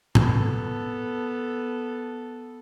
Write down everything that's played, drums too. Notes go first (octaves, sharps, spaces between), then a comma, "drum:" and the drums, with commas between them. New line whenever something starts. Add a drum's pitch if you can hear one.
B3 A4, drum: tom G#2